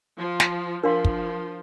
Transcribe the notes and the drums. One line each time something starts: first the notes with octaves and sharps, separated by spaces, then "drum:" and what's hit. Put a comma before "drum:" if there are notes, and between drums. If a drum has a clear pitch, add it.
F3
drum: snare
F3 D4 A#4 F5 C6
drum: kick